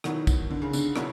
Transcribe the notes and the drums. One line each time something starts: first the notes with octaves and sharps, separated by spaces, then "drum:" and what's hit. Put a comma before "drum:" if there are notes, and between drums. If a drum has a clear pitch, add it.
B2 D#3 F#3 B3 E4, drum: rim click
drum: kick, tambourine
D3
C#3
D3, drum: tambourine
B2 F#3 B3 E4, drum: rim click